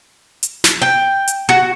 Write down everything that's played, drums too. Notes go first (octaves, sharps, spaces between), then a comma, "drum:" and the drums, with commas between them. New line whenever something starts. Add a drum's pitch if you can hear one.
drum: hi-hat
drum: snare
G5
drum: hi-hat
F#4